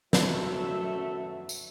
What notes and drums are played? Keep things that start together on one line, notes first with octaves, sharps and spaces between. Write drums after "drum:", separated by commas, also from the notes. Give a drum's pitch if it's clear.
F#2 F#3 A3 F#4 B4 E5, drum: snare
drum: tambourine